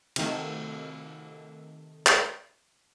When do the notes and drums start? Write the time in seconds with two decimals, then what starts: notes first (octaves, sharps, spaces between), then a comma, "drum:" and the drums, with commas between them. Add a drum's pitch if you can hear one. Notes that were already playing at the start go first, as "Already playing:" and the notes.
0.16 C3 D#3 A3, drum: cymbal
2.07 drum: clap